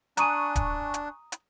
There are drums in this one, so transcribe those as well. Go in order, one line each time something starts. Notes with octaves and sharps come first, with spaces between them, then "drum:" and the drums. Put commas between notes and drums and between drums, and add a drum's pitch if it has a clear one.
D4 G#5 A#5 C#6 D#6 F#6 D#7, drum: hi-hat
drum: kick D1, hi-hat
drum: hi-hat
drum: hi-hat